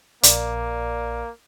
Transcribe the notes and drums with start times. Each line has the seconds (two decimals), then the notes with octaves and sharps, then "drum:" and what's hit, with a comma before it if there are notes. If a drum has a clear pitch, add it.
0.23 A#1 A#3 D5, drum: hi-hat